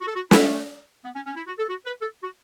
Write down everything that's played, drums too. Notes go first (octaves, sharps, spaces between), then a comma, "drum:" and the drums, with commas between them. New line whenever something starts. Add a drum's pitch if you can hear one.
F#4
A4
F#4
E4, drum: snare
A3
B3
C#4
C#4
E4
F#4
A4
F#4
B4
A4
F#4